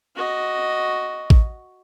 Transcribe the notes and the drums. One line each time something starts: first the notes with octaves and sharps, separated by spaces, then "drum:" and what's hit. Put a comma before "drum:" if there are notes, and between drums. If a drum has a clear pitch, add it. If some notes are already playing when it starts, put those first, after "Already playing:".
F#4 D#5
drum: kick A1